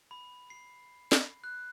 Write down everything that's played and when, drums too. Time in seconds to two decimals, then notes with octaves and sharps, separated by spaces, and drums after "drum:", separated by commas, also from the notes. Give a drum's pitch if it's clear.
0.11 B5
0.50 C7
1.12 drum: snare
1.44 F#6